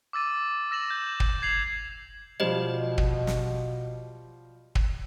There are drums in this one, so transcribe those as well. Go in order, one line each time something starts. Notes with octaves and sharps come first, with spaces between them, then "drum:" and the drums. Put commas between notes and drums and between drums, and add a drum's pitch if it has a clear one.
D6 E6 A6 D#7
E6 A#6 E7 F#7
G6
drum: kick
G#6 C7 F7 F#7
B2 F3 G3 G4 C5 D#5
drum: kick
drum: snare
drum: kick